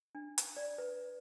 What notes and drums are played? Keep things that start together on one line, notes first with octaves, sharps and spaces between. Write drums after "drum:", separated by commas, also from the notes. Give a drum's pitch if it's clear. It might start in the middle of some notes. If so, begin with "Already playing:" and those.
D4
drum: hi-hat
D5
B4